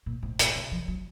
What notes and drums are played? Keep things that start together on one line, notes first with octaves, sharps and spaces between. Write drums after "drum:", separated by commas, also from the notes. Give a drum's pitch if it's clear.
A#2
G#2
A#2, drum: hi-hat
C3
F3
F#3